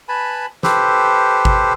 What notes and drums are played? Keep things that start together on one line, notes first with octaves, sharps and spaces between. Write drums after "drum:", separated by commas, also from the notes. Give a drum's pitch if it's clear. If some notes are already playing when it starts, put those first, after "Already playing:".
B4 G#5 A5 B5
G4 A4 B4 C5, drum: snare
drum: kick G#1